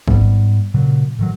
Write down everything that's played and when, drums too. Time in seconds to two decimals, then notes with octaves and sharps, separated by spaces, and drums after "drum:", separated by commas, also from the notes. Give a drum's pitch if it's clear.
0.08 G#2 G3 B3, drum: kick
0.74 A#2 C#3 F#3
1.19 A2 D#3 F#3